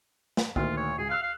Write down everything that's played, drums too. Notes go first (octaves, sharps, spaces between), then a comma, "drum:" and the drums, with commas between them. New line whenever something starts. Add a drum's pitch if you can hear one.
drum: snare
D2 A#2 D#3 F4, drum: kick
C#5
C#2 G#4
F5 E6 F#6 C7
F5